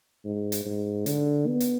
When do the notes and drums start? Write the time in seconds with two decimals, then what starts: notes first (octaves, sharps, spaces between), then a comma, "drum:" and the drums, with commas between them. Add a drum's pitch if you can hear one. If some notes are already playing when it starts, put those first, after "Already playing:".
0.25 G#2
0.52 drum: hi-hat
0.66 G#2
1.06 D3, drum: hi-hat
1.47 B3
1.60 drum: hi-hat